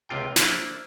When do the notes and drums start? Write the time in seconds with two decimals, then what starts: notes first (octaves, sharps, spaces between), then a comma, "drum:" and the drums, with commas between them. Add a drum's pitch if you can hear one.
0.09 C#2 C3 F4 G5
0.36 A#3 D4 E4 C5 D5, drum: snare